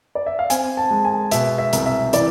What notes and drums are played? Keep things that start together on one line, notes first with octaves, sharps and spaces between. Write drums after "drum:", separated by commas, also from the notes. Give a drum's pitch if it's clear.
D5
E5
F5
C4 G#5, drum: hi-hat
A5
G#3
G#5
B2 E5, drum: hi-hat
E5
C2, drum: hi-hat
E5
E3 D5, drum: hi-hat